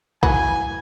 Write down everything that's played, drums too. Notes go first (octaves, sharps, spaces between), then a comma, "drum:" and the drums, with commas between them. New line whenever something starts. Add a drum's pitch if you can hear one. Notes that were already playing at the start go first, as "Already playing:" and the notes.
E3 F#4 G#5 B5, drum: kick